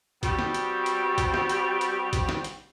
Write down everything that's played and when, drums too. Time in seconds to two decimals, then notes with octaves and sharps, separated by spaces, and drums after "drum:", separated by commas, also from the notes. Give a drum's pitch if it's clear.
0.23 G3 B3 C4 F#4 G4, drum: kick, hi-hat
0.39 drum: snare
0.54 drum: hi-hat
0.86 drum: hi-hat
1.18 drum: kick, hi-hat
1.34 drum: snare
1.49 drum: hi-hat
1.81 drum: hi-hat
2.13 drum: kick, hi-hat
2.29 drum: snare
2.44 drum: hi-hat